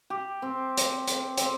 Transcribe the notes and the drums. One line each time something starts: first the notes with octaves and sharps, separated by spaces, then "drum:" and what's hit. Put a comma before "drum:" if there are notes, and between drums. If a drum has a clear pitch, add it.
G4
C4
drum: hi-hat
drum: hi-hat
C4, drum: hi-hat